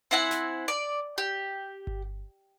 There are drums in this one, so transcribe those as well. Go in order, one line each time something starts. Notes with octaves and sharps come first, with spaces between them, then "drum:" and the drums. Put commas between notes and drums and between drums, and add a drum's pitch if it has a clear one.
C4 E4 F#5 G#5
drum: snare
D5
G4
drum: kick G1